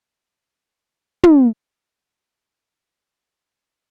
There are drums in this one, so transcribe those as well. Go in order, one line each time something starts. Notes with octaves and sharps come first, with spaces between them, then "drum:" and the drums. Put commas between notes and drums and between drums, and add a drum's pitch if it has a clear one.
G#3 D#4 E4
drum: tom
C4 F#6
D6
A#4 D#5 D#6
F5 E6